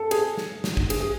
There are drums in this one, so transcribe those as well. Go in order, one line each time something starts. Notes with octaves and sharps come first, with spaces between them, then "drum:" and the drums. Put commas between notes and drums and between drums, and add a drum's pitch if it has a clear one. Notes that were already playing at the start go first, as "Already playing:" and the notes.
Already playing: A4
G#4, drum: cymbal
drum: snare
drum: snare
drum: kick
G#4, drum: cymbal
G#4